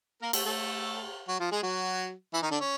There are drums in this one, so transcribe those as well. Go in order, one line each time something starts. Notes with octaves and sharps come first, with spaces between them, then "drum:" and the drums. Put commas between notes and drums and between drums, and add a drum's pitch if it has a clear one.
A#3 A#4
A3 A4, drum: cymbal
A3 A4
F#3 F#4
F3 F4
G#3 G#4
F#3 F#4
E3 E4
D#3 D#4
D3 D4
C#4